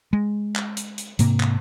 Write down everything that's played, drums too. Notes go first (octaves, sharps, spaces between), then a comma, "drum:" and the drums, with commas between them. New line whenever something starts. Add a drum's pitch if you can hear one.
G#3
drum: clap
drum: hi-hat
drum: hi-hat
G#2 C3 A#3, drum: hi-hat
drum: clap